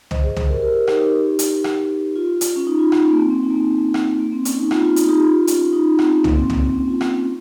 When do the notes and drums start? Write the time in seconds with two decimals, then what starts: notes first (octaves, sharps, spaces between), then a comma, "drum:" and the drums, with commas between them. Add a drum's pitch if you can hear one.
0.11 C5 D#5, drum: tom C2
0.24 G#4 C5
0.36 G#4 C5, drum: tom C2
0.49 G4 A#4
0.62 G4 A#4
0.87 D#4 G4, drum: rim click
1.39 drum: hi-hat
1.64 drum: rim click
2.16 F4
2.41 drum: hi-hat
2.56 C#4
2.67 D#4
2.79 F4
2.92 D#4, drum: rim click
3.05 C#4
3.12 A#3
3.17 C4
3.30 C4
3.43 D#4
3.51 A#3
3.56 C4
3.94 drum: rim click
4.20 A#3
4.32 C4
4.45 C#4, drum: hi-hat
4.58 D#4
4.71 F4, drum: rim click
4.83 F4
4.96 D#4, drum: hi-hat
5.09 D#4 G4
5.22 F4
5.47 C#4, drum: hi-hat
5.73 D#4
5.99 C4, drum: rim click
6.24 A#3, drum: tom C2
6.36 C4
6.50 A#3, drum: tom C2
6.62 C4
6.75 C#4
6.88 F4
7.01 drum: rim click
7.13 C#4